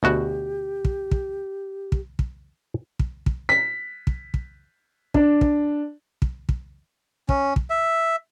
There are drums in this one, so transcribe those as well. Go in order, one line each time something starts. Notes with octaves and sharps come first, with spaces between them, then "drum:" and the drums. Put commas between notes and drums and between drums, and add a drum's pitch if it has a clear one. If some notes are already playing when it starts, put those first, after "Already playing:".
D2 B2 F#4 G4
drum: kick
drum: kick
drum: kick
drum: kick
drum: kick
drum: kick
B6
drum: kick
drum: kick
D4, drum: kick
drum: kick
drum: kick
drum: kick
C#4, drum: kick
drum: kick
E5